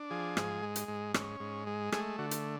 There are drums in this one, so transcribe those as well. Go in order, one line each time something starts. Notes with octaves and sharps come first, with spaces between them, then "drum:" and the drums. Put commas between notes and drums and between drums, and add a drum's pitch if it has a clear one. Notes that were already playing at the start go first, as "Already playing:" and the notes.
Already playing: D4
F3 G#4
G#2, drum: rim click
G#3
drum: hi-hat
G#2
C#4, drum: rim click
G#2
G#3
A3 G#4, drum: rim click
D3 F#4
drum: hi-hat